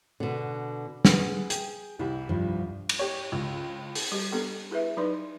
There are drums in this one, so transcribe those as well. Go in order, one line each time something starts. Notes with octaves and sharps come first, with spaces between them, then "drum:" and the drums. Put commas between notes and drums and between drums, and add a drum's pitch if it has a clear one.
B2 D3
B3 G#4 B4, drum: snare
G5, drum: hi-hat
C2 E4 G4
G2 F3
drum: cymbal
G4 C#5
C#2
drum: open hi-hat
G3 G4
B3 D4 G4 A4 G5
E4 G#4 B4 E5
F#3 D#4 B4 D5 C6